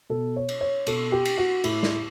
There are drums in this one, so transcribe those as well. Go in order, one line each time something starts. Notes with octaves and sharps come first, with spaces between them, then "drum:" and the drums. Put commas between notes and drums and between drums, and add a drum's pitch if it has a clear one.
B2 A4
C#5
drum: cymbal
C#5
B2 A4, drum: cymbal
G4
drum: cymbal
F#4
A2 E4, drum: cymbal
drum: snare